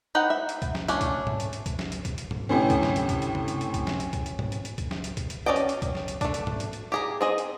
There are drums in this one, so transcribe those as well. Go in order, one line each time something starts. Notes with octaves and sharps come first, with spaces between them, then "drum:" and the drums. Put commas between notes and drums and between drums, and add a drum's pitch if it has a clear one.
D#4 B4 F#5 G5 A#5
E5
drum: hi-hat
drum: kick, hi-hat
drum: snare
A3 C#4 D4, drum: hi-hat
drum: kick, hi-hat
drum: tom G#2
drum: hi-hat
drum: hi-hat
drum: kick, hi-hat
drum: snare
drum: hi-hat
drum: kick, hi-hat
drum: hi-hat
drum: tom G#2
G1 A2 C3 C#4 G5
drum: kick, hi-hat
drum: snare
drum: hi-hat
drum: kick, hi-hat
drum: hi-hat
drum: tom C3
drum: hi-hat
drum: hi-hat
drum: kick, hi-hat
drum: snare
drum: hi-hat
drum: kick, hi-hat
drum: hi-hat
drum: tom G#2
drum: hi-hat
drum: hi-hat
drum: kick, hi-hat
drum: snare
drum: hi-hat
drum: kick, hi-hat
drum: hi-hat
C#4 A#4 D5 D#5 G5
drum: hi-hat
drum: hi-hat
drum: kick, hi-hat
drum: snare
drum: hi-hat
A3 D4, drum: kick, hi-hat
drum: hi-hat
drum: tom G#2
drum: hi-hat
drum: hi-hat
G4 G#4 A#5
C4 G#4 D#5
drum: hi-hat